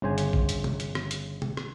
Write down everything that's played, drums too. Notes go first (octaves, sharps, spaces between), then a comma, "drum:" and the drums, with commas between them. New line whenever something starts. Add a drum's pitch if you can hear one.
G1 C#3 C5 G#5
drum: hi-hat
drum: kick
drum: hi-hat
drum: tom C3
drum: hi-hat
drum: rim click
drum: hi-hat
drum: tom C3
drum: rim click